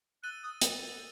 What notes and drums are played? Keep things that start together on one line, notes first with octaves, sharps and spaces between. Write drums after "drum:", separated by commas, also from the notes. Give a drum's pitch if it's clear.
E6 F#6 A6 D#7 G7
D#6
drum: hi-hat